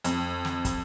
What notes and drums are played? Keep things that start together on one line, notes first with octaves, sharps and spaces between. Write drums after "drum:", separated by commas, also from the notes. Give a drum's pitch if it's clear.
F2, drum: hi-hat
drum: snare
drum: kick, hi-hat